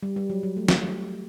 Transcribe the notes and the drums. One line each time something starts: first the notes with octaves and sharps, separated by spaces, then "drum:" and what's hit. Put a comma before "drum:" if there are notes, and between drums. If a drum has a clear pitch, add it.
G3
G3
F#3
F#3
A3
drum: snare